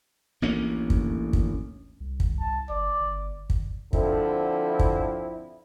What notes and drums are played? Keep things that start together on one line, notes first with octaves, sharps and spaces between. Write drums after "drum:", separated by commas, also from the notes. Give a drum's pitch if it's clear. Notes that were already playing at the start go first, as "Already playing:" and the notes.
A1 D2 A#3 C#4
drum: kick
drum: kick
C2
drum: kick
A5
G1 D5
G1
drum: kick
D3 F3 C4 E4, drum: kick
drum: kick